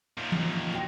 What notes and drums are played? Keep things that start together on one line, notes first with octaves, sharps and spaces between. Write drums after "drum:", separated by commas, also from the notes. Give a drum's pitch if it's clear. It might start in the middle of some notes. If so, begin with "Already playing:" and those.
D#2 A#2
drum: tom E3
F3
F#4 F#5 G5